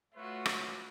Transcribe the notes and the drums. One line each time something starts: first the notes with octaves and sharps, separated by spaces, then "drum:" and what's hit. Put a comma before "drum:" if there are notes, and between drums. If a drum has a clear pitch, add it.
A3 F4 F#4 B4 C#5 E5
drum: rim click